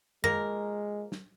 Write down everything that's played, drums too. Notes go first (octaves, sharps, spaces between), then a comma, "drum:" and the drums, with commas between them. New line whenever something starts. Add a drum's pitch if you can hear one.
F3 G#3 A#3 A#4 A#6, drum: tom F#2
drum: snare